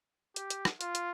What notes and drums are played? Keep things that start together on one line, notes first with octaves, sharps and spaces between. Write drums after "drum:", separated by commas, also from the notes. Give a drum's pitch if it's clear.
G4, drum: hi-hat
drum: hi-hat
drum: rim click
F4, drum: hi-hat
drum: hi-hat